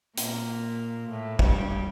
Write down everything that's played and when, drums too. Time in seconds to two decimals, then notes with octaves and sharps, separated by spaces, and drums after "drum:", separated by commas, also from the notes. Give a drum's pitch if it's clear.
0.17 A#2 A#3, drum: hi-hat
1.09 A2 A3
1.39 G2 G3, drum: kick